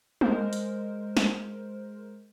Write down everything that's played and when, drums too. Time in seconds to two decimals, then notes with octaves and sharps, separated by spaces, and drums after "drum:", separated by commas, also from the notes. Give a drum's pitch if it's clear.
0.21 G#3 A#4 C5, drum: tom
0.53 drum: hi-hat
1.17 drum: snare